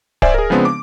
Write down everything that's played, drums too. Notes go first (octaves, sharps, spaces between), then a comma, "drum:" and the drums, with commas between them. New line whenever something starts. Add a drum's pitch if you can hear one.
C5 D5 E5 G#5, drum: kick D1
G#4 A#4
C#3 F3 G#3 B3 C4 D4
D6